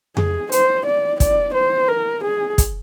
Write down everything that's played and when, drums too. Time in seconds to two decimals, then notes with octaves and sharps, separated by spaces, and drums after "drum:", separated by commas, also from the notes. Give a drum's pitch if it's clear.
0.17 G#4, drum: tom F2
0.52 C5, drum: hi-hat
0.86 D5
1.20 D5, drum: kick, hi-hat
1.54 C5
1.89 A#4
2.24 G#4
2.58 drum: kick, hi-hat